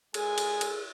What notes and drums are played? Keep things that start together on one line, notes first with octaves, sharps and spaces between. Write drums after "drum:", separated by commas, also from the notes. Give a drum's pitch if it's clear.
G#3 G#4 G#5, drum: cymbal
drum: cymbal
drum: cymbal